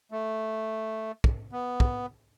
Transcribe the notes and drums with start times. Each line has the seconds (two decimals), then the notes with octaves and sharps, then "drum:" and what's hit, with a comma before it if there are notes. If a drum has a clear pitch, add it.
0.11 A3
1.24 drum: kick
1.52 B3
1.80 drum: kick